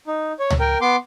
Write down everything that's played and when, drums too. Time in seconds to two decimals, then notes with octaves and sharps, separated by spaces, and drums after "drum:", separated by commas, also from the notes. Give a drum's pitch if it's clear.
0.07 D#4
0.39 C#5
0.50 drum: tom C#2
0.60 A#4 G5
0.81 B3 C6 D6